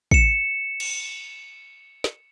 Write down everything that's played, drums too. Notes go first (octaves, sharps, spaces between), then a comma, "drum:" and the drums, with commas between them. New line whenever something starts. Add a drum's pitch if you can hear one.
C#7 E7, drum: kick
drum: cymbal
drum: snare